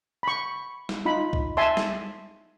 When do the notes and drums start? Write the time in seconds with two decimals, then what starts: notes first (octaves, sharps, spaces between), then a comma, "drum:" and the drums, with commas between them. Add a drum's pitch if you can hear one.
0.23 B5 C#6
0.89 drum: snare
1.05 D#4 F4 B5
1.33 drum: kick C2
1.57 E5 G#5 A5 C6
1.77 drum: snare